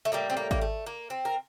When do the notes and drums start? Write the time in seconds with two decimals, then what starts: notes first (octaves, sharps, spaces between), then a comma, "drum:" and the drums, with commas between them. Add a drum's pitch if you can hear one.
0.05 A3
0.12 A2 G3 A#3
0.30 C4
0.37 A#3
0.51 A#3, drum: kick G#1
0.61 A3
0.86 A#3
1.10 C4
1.25 A#4